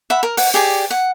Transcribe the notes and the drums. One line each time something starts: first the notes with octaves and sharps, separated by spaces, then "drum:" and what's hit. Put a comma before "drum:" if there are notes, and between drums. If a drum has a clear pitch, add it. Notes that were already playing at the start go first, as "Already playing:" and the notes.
E5 F#5 B5
A#4
F#5, drum: open hi-hat
G4 G#4 D5
F#5